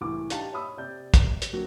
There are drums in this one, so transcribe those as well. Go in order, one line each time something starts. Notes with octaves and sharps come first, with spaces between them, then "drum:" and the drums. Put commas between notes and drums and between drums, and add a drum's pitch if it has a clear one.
C2 A2 E3 D6
D4 D#4 G4 F5 A5, drum: hi-hat
C#5 E5 B5 D#6 E6
C3 D5 G6
drum: kick, hi-hat
drum: hi-hat
D3 F#3 A#3 C4 F#4